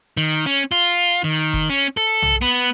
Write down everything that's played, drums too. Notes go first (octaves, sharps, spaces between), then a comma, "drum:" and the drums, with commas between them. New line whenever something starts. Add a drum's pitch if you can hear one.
D#3
C#4
F4
D#3
drum: kick F#1
C#4
A4
drum: tom B1
B3